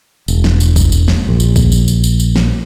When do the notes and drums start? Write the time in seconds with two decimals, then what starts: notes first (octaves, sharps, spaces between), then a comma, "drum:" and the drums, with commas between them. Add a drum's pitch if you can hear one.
0.28 E1, drum: tambourine
0.44 drum: snare
0.60 drum: tambourine
0.76 drum: kick A1, tambourine
0.92 drum: tambourine
1.08 drum: snare
1.29 A#1
1.40 drum: tambourine
1.56 drum: kick A1, tambourine
1.72 drum: tambourine
1.88 drum: tambourine
2.04 drum: tambourine
2.20 drum: tambourine
2.36 drum: snare